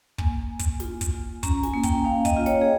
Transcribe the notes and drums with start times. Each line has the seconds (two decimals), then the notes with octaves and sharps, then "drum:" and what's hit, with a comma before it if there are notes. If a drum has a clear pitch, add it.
0.18 A#3 G#5, drum: kick
0.48 A#3
0.59 drum: kick, hi-hat
0.80 F4, drum: snare
1.01 drum: kick, hi-hat
1.11 F4
1.43 C#4 A#5, drum: kick, hi-hat
1.63 G#5, drum: snare
1.74 A#3
1.83 G5, drum: kick, hi-hat
2.05 A#3 F5
2.25 D#5, drum: kick, hi-hat
2.36 F4
2.46 C#5, drum: snare
2.62 G#4